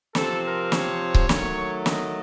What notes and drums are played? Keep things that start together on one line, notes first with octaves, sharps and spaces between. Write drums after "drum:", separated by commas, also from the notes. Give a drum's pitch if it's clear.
C3 F3 C4 A4, drum: snare
A#4
C#5, drum: snare
drum: kick C#1
D#3 F#3 A3, drum: snare
D#5, drum: snare